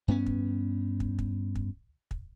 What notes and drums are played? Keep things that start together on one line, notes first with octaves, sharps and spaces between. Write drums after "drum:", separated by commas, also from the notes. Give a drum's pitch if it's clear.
G2 B3 C#4
drum: kick
drum: kick
drum: kick
drum: kick
drum: kick